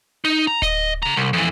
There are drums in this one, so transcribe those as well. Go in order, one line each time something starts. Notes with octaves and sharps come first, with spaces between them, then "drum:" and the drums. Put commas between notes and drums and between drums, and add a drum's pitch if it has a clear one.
D#4
A#5
D#5, drum: kick D1
C#3 A#5
C2
F2 E3